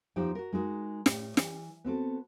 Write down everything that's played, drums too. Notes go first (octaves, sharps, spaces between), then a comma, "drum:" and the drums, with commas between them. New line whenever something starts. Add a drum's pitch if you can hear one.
E2 F3 D#4 F4 G4 G5
F#4 A#4
G#3 D#4 F#4 A#4
A2, drum: snare
E3, drum: snare
B3 C4 F#4 A4